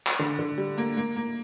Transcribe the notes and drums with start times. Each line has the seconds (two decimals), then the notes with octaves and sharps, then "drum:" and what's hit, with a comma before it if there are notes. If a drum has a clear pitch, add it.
0.07 drum: clap
0.19 D3
0.39 D3
0.58 G3
0.78 A#3
0.97 A#3
1.16 A#3